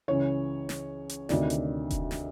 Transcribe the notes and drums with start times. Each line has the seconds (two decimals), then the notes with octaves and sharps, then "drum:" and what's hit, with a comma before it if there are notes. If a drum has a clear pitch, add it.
0.08 C#2 C#3 E3 C#5
0.69 drum: snare
1.09 drum: hi-hat
1.29 D2 C3 D#3 D5, drum: snare
1.50 drum: hi-hat
1.90 drum: kick E1, hi-hat
2.11 drum: snare